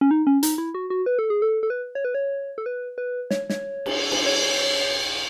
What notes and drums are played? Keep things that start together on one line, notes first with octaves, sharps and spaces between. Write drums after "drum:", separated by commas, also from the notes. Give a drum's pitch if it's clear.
C#4
D#4
C#4
D#4, drum: hi-hat
E4
F#4
F#4
B4
A4
G#4
A4
A4
B4
C#5
B4
C#5
A4
B4
B4
C#5, drum: snare
C#5, drum: snare
drum: cymbal
drum: cymbal
C#5